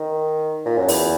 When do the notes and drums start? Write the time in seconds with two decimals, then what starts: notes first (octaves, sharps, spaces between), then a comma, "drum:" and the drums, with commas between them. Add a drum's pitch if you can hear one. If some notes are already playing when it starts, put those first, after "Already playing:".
Already playing: D#3
0.65 A#2
0.78 F#2
0.88 E2, drum: open hi-hat